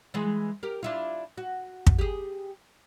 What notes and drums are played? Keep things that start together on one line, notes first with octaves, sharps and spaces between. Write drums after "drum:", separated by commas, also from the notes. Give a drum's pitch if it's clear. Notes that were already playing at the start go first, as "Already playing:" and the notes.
E3 G#3
G4 A#4
D4 E4 F4
F#4
drum: kick
G4 G#4